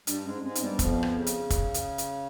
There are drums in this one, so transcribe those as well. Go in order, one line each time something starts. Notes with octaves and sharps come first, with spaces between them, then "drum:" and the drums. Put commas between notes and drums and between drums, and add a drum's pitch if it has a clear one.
G2 G3 D4, drum: hi-hat
G#2 G#3 C#4
G#2 G#3 C4
C4, drum: hi-hat
G2 G3 B3
F2 F3 B3, drum: kick, hi-hat
drum: rim click
C#3
drum: hi-hat
drum: kick, hi-hat
drum: hi-hat
drum: hi-hat